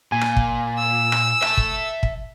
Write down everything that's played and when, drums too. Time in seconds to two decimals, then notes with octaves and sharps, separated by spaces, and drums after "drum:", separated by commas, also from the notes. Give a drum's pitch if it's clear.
0.12 A#2 G#5
0.21 drum: rim click
0.36 drum: kick
0.79 E6
1.12 drum: rim click
1.42 E5 A5, drum: rim click
1.57 drum: kick
2.03 drum: kick